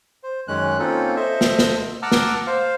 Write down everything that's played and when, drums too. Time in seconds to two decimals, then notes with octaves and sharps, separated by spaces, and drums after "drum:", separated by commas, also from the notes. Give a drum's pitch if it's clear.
0.23 C5
0.48 F#2 D#3 G#3 C#4 F#6
0.79 A#3 C4 C#4 D#4 F4 A4
1.17 A4 C5 D#5 E5
1.41 drum: snare
1.59 drum: snare
2.02 F#5 A5 A#5 D6 E6 F6
2.12 drum: snare
2.47 C5 F5